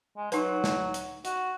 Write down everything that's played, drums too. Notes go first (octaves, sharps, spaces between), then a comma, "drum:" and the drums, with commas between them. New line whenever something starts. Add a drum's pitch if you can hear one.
G#3
F#3 D#4 B4, drum: hi-hat
drum: snare
drum: hi-hat
F#4, drum: hi-hat